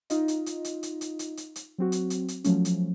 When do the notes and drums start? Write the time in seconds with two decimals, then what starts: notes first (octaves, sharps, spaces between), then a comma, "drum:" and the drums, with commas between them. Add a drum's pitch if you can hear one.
0.10 D#4 F4 D#5, drum: hi-hat
0.28 drum: hi-hat
0.46 drum: hi-hat
0.64 drum: hi-hat
0.83 drum: hi-hat
1.01 drum: hi-hat
1.19 drum: hi-hat
1.37 drum: hi-hat
1.56 drum: hi-hat
1.78 F#3 C4 F#4
1.92 drum: hi-hat
2.10 drum: hi-hat
2.28 drum: hi-hat
2.44 F3 F#3 A3 C#4, drum: hi-hat
2.65 drum: hi-hat